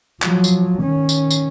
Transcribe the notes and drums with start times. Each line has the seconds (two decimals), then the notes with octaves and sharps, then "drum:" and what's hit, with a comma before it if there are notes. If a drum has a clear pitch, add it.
0.22 F3 F#3, drum: clap
0.44 drum: tambourine
0.82 D#3 C#4
1.09 drum: tambourine
1.31 drum: tambourine